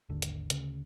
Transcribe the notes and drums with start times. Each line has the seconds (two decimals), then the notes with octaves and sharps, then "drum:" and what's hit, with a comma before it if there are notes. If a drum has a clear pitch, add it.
0.09 G#1 D#2 D3
0.22 drum: hi-hat
0.50 D2 C#3, drum: hi-hat